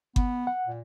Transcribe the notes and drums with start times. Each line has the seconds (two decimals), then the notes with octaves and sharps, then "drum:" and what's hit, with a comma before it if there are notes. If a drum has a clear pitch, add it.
0.16 B3, drum: kick G1
0.47 F#5
0.66 A#2